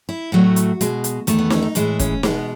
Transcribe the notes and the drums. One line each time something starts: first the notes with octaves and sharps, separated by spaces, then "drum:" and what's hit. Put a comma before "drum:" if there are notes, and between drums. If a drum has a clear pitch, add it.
E4
A2 F#3 A3 F#4
drum: hi-hat
B2 G#3, drum: hi-hat
drum: hi-hat
E2 D#3 A3, drum: hi-hat
B3
C#4, drum: snare
D#4
A2 E3 G#3 E4, drum: hi-hat
C#4, drum: kick, hi-hat
B2 G#3 B3, drum: snare